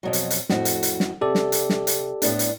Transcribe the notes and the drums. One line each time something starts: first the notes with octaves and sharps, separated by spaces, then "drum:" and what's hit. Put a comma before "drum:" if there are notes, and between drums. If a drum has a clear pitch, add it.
F2 B2 F#3
drum: hi-hat
drum: hi-hat
F2 A2 F#4, drum: snare
drum: hi-hat
drum: hi-hat
drum: snare
C3 G4 A4 D5
drum: snare
drum: hi-hat
drum: snare
drum: hi-hat
A2 B3 D4, drum: hi-hat
drum: hi-hat